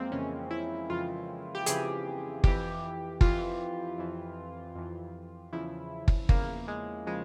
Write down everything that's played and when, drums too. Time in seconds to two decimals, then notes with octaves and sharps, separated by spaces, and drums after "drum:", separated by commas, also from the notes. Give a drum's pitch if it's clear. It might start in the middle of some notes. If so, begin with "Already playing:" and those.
Already playing: F2 E3 G#3 A#3 C4
0.12 F2 C#3 E3 C#4
0.51 E4
0.90 F2 C#3 E3 F4
1.55 G4
1.66 F2 C#3 E3 G#4, drum: hi-hat
2.44 F2 E3 G4, drum: kick
3.21 F2 E3 F4, drum: kick
3.98 F2 E3
4.75 F2 E3
5.53 E2 C#3 F3 E4
6.08 drum: kick
6.29 E2 C#3 F3 A#3, drum: kick
6.68 G#3
7.07 C#3 F3 G#3